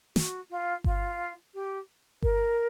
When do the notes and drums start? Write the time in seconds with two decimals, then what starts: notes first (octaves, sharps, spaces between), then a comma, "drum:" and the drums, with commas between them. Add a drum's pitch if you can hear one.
0.16 F#4, drum: snare
0.50 F4
0.84 F4, drum: kick G1
1.54 G4
2.22 A#4, drum: kick G1